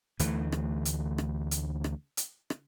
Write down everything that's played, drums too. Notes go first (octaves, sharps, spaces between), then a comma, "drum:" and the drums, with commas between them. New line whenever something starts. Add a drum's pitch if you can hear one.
D2 E3 A3, drum: hi-hat
drum: rim click
drum: hi-hat
drum: rim click
drum: hi-hat
drum: rim click
drum: hi-hat
drum: rim click